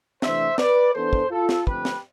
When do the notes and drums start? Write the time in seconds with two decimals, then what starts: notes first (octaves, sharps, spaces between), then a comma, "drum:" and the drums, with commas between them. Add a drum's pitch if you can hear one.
0.22 C3 E3 A3 D4 C5 E5, drum: snare
0.58 B4 D5, drum: snare
0.94 E3 B3 D4 A4 C5
1.13 drum: kick
1.31 F4 A4
1.49 drum: snare
1.67 D3 F3 A3 C4 G4 B4, drum: kick
1.85 drum: snare